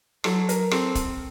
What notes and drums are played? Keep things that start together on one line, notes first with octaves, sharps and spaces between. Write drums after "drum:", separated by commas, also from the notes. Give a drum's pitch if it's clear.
F#3 A4, drum: rim click
A#4, drum: hi-hat
C4 A4, drum: rim click
drum: kick, hi-hat